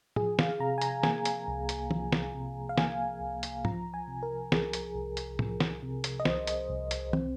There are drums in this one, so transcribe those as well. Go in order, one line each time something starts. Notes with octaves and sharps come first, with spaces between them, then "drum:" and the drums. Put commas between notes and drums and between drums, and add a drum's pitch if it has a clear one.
F3 G#4, drum: tom
F5, drum: snare
C3 A#5
G#5
A#5, drum: hi-hat
A#3 G#5, drum: snare
drum: hi-hat
C2
drum: hi-hat
F3, drum: tom
drum: snare
C3
F5
A#3 G#5, drum: snare
C2
drum: hi-hat
F3 A#5, drum: tom
G#5
C3
A#4
C2 G#4, drum: snare
drum: hi-hat
C2
drum: hi-hat
F3, drum: tom
drum: snare
C3
drum: hi-hat
D#5
C2 C5, drum: snare
drum: hi-hat
C2
drum: hi-hat
C4, drum: tom